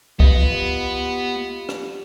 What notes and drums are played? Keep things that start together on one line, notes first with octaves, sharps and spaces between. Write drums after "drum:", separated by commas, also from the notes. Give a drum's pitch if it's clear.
B3 F4 G4 D#5, drum: kick C2
drum: rim click